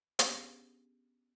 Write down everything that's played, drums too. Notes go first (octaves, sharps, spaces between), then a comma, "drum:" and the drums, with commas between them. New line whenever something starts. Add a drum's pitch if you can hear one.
B3 C#4 D4 G4 G#4, drum: hi-hat